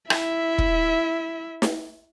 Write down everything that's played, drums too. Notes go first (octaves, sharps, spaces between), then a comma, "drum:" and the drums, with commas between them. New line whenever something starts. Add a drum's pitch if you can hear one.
E4 E5, drum: rim click
drum: kick
drum: snare